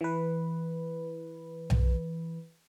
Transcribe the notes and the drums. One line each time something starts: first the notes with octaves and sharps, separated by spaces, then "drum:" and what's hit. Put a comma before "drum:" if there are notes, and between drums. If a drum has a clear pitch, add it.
E3 B4
drum: tom B1